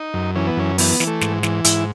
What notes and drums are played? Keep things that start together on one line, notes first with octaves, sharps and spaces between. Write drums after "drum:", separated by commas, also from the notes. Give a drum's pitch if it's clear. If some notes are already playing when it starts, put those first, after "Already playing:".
Already playing: D#4
F#2
E3 C#4
B3
F#2 C#4
E3 B3, drum: open hi-hat
E3, drum: snare
A3
G#2, drum: snare
E3, drum: snare
G#2 E4, drum: hi-hat